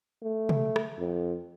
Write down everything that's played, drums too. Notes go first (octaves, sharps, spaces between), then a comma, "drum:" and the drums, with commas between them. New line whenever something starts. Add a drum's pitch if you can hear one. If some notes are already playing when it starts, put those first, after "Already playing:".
A3
drum: tom
drum: rim click
F2